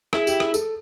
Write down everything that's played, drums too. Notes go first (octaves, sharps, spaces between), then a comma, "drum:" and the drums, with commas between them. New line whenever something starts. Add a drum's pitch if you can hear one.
E4 G#4, drum: rim click
G4, drum: tambourine
G#4, drum: rim click
A4, drum: tambourine